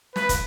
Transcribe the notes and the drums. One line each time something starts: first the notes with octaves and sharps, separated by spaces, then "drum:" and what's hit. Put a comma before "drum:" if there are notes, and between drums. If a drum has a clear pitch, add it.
B4, drum: snare
drum: kick, hi-hat